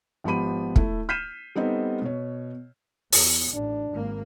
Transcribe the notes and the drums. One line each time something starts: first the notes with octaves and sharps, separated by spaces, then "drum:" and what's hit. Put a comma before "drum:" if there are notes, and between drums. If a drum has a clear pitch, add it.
G#1 F3 B3 G4 B5 D#7
A3 E4, drum: kick
F6 G6 B6 C7 D#7 E7
G3 B3 C4 D#4 A4
B2 C#5
E2, drum: open hi-hat
A1 D4
G#1 A#3